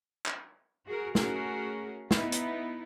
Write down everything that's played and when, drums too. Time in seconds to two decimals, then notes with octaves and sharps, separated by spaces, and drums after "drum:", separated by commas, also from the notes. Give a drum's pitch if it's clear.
0.26 drum: clap
0.86 F#4 G#4 A#4
1.15 A3 C#4 F#4 G#4 A#4, drum: snare
2.11 B3 D#4 E4, drum: snare
2.32 drum: hi-hat